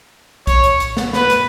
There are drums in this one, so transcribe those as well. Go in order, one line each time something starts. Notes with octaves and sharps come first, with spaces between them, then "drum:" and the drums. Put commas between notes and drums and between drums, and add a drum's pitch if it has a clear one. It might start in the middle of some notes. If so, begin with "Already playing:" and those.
C#5, drum: kick B1, hi-hat
drum: hi-hat
drum: hi-hat
drum: snare
B4, drum: snare
drum: hi-hat